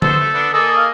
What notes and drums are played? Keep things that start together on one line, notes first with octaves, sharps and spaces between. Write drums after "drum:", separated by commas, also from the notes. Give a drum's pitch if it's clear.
B3 A4 C5, drum: tom D3
A3
B3 D4
A#3 G#4 A4 D#5
F5